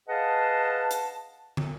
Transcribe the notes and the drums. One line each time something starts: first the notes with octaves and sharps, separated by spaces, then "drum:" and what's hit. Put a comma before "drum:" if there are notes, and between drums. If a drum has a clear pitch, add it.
G#4 B4 D#5 F5 F#5 A5
drum: hi-hat
drum: tom